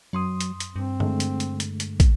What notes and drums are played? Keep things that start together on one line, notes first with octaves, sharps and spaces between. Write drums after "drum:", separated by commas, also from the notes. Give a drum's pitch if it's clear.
F#2 F#3 C6 D#6
drum: hi-hat
drum: hi-hat
G2 C4
D3 G#3 A3, drum: tom G2
drum: hi-hat
drum: hi-hat
drum: hi-hat
drum: hi-hat
drum: kick, hi-hat